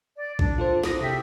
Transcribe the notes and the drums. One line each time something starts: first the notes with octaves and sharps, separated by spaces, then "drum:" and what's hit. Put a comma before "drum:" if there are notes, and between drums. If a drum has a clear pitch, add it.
D5
D4, drum: kick
F4 A4 C5
D6 D#6 A#6, drum: snare
C3 G4 A4 E5 B6